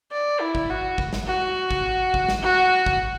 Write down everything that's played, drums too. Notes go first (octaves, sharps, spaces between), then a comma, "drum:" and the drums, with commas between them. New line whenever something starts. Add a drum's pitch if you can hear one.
D5
E4
drum: kick G#1
F#4
drum: kick G#1
drum: snare
F#4
drum: kick G#1
drum: kick G#1
drum: snare
F#4
drum: kick G#1